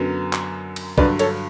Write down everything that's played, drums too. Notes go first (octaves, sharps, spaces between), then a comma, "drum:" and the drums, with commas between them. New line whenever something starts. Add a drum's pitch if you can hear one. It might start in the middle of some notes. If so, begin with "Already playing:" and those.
Already playing: F#2 D3 F#3 B3
drum: clap
drum: cymbal
G2 D3 F#3 B4 D5, drum: kick
A4 C#5, drum: cymbal